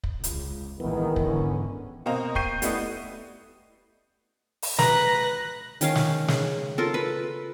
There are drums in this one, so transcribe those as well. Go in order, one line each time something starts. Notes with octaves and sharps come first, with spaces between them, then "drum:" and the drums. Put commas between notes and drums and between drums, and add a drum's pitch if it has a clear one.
drum: kick
C#2, drum: hi-hat
A#1 A2 D#3 E3 G#3 B3
G#2 D3 B3 C#4, drum: kick
B2 A#3 C4 D#5 F5 A#5
G5 C#6 G6 C7 D#7, drum: kick
G3 A3 B3 E4 D#5, drum: hi-hat
drum: open hi-hat
B4 A#5 F#6 A#6, drum: snare
D#3 C#4 F5, drum: hi-hat
drum: snare
C#3, drum: snare
F4 A4 A#4
B4